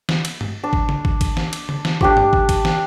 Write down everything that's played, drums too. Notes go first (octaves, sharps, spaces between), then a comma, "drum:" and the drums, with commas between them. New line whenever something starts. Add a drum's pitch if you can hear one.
drum: snare
drum: cymbal
drum: tom G2
D4
drum: kick
drum: tom C#3
drum: kick
drum: kick, cymbal
drum: snare
drum: cymbal
drum: tom C#3
drum: snare
D4 G4 D6, drum: kick
drum: tom G2
drum: kick
drum: kick, cymbal
drum: snare